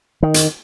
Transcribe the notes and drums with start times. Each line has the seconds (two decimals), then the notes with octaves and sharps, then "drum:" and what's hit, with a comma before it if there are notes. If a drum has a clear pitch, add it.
0.23 D#3
0.34 drum: hi-hat